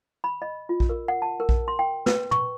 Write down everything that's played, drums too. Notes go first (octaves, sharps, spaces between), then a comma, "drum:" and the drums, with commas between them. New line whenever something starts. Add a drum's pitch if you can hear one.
B5
D#5
F4
drum: kick A#1
A#4
F#5
A5
A#4
drum: kick A#1
C6
G5
B4, drum: snare
C#6, drum: tom